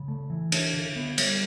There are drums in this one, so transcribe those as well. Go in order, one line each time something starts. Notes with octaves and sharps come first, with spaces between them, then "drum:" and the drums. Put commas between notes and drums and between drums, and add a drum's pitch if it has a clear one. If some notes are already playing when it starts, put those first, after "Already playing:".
Already playing: C#3
A3
E3
D4, drum: cymbal
D3
B3
G3, drum: cymbal